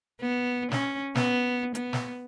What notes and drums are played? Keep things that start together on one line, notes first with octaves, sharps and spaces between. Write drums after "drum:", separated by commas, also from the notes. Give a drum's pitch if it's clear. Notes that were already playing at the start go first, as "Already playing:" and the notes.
B3
C#4, drum: snare
B3, drum: snare
B3, drum: hi-hat
drum: snare